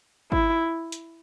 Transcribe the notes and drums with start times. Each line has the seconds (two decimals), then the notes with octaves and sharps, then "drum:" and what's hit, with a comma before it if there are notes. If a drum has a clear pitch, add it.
0.32 E4, drum: kick G#1
0.92 drum: hi-hat